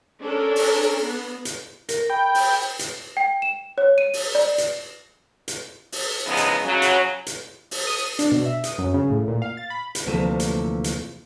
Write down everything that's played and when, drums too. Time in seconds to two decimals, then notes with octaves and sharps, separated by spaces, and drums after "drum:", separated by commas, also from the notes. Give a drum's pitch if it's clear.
0.22 C#4 D4 A4 A#4
0.56 drum: open hi-hat
1.00 B3
1.45 drum: hi-hat
1.89 A#4, drum: hi-hat
2.10 G5 B5
2.35 drum: open hi-hat
2.79 drum: hi-hat
3.17 G5
3.42 E7
3.78 C#5
3.98 D#7
4.13 drum: open hi-hat
4.35 D5
4.58 drum: hi-hat
5.48 drum: hi-hat
5.92 drum: open hi-hat
6.25 E2 C#3 F3 G#3 B3 D#4
6.37 drum: hi-hat
6.64 C#3 F#3
6.82 drum: hi-hat
7.27 drum: hi-hat
7.71 drum: open hi-hat
7.87 D#6
8.19 D4, drum: hi-hat
8.32 B2
8.46 E5
8.64 D#6, drum: hi-hat
8.78 F#2
8.94 C#3
9.10 A2
9.28 A#2
9.42 F5
9.57 A6
9.70 B5
9.95 drum: hi-hat
10.06 D2 C3 E3 F3 A3 A#3
10.40 drum: hi-hat
10.84 drum: hi-hat